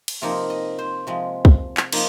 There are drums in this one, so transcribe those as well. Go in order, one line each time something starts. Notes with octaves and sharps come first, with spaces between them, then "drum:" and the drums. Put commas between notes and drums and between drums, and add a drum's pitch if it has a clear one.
drum: cymbal
C3 F3 A#3 D#4 F5
D#5
C5
C3 F3 G#3
drum: kick
drum: clap
F3 A#3 D#4, drum: cymbal